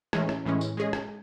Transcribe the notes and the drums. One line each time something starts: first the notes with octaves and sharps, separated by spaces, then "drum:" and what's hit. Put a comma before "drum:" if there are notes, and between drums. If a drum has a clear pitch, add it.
A2 E3 G#3 C#4, drum: rim click
drum: rim click
A2 E3 G#3 C#4
drum: tambourine
G#3 C#4 G#4 D#5
drum: rim click